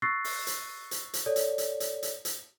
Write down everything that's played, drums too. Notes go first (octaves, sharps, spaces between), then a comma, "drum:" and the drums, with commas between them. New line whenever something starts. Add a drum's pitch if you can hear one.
C#6 E6 F#6 A6 A#6 C7
drum: open hi-hat
drum: hi-hat
drum: hi-hat
drum: hi-hat
A4 C#5 D5
drum: hi-hat
drum: hi-hat
drum: hi-hat
drum: hi-hat
drum: hi-hat